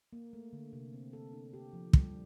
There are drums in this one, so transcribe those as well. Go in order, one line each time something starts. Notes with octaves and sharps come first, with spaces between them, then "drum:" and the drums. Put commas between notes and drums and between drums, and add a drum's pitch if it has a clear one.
A#3
A3
D3
C3
C4
A4
D4
G4
F3
G3, drum: kick